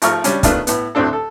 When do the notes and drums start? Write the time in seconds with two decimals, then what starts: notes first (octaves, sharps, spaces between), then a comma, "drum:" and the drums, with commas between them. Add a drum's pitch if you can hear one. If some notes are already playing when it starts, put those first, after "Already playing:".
0.02 G#1 F3 A3 A#5 C#6 F6, drum: hi-hat
0.24 G3 C#4 D4, drum: hi-hat
0.43 B2 D#3 A3 D4 F4 B4, drum: kick, hi-hat
0.67 A2 B3, drum: hi-hat
0.95 D2 A2 C4 D4 A4
1.13 A4